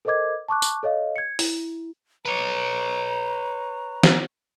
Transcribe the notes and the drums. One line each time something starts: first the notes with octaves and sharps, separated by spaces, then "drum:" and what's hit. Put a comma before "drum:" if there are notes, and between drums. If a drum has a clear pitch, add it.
A4 A#4 C5 D#5 D6 G#6
A5 C#6 D6 F#6
drum: tambourine
A4 C#5 D#5 F5
G#6 C#7
E4, drum: open hi-hat
B4 C#5 A#5
drum: snare